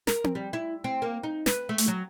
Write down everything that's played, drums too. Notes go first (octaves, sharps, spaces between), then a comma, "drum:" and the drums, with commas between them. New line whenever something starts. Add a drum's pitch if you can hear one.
A#4, drum: snare
drum: tom C4
G3
E4
C4
A#3
D#4
B4, drum: snare
A3
drum: hi-hat
F#3